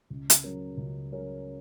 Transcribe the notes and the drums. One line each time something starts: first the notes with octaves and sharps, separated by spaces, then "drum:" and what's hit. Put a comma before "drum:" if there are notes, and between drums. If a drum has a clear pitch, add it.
C#2
drum: hi-hat
C#3 F#3 C#4 A#4
C#2
C#3 F#3 C#4 A#4